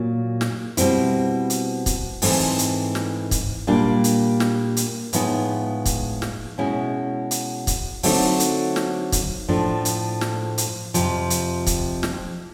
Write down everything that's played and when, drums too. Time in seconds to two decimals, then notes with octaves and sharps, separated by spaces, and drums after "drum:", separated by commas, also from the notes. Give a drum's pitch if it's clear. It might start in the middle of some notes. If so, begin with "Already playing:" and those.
Already playing: A#2 F#3 A#3
0.41 drum: snare
0.77 B2 G3 C4 E4, drum: hi-hat
1.50 drum: hi-hat
1.86 drum: kick, hi-hat
2.22 G#2 E3 A3 C4, drum: open hi-hat
2.59 drum: hi-hat
2.95 drum: snare
3.31 drum: kick, hi-hat
3.67 A#2 G3 A#3 D4
4.04 drum: hi-hat
4.40 drum: snare
4.77 drum: hi-hat
5.13 A2 F3 G#3 B3 D#4, drum: hi-hat
5.86 drum: kick, hi-hat
6.22 drum: snare
6.58 B2 G#3 C#4 E4
7.31 drum: hi-hat
7.67 drum: kick, hi-hat
8.03 D3 F#3 A3 C4 D#4, drum: open hi-hat
8.40 drum: hi-hat
8.76 drum: snare
9.12 drum: kick, hi-hat
9.48 A2 F3 A3 D4
9.85 drum: hi-hat
10.21 drum: snare
10.58 drum: hi-hat
10.94 F2 C3 F3, drum: hi-hat
11.30 drum: hi-hat
11.67 drum: kick, hi-hat
12.03 drum: snare